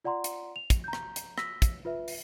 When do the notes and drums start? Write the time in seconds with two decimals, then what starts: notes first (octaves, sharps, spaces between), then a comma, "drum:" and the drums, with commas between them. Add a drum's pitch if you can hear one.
0.05 F4 D5 F#5 A#5 C6
0.24 drum: hi-hat
0.56 F7
0.70 drum: kick, hi-hat
0.84 A#5 G6
0.93 drum: rim click
1.16 drum: hi-hat
1.38 E6 A#6 B6, drum: rim click
1.62 drum: kick, hi-hat
1.85 F4 B4 E5
2.08 drum: open hi-hat